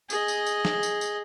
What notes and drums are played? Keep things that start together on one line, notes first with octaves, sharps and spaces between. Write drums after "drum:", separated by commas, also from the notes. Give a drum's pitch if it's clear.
G#4 D#5, drum: tambourine
drum: tambourine
drum: tambourine
drum: snare
drum: tambourine
drum: tambourine